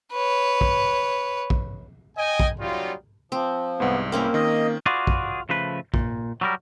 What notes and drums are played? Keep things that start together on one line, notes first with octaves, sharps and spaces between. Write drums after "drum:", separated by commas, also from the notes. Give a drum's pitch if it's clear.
B4 C#5
drum: kick A#1
drum: kick A#1
D#5 G5 G#5
drum: kick A#1
F#3 G3 A#3 C#4 D#4 F4
F3 C4
C2 G#2 B3
E3 A#3 C4 C#4 A#4
D#3 D#5
F4 F#4 G#4 B4 D5
drum: kick A#1
C#3 F3 A3 B4
A#2, drum: kick A#1
F#3 G3 A#4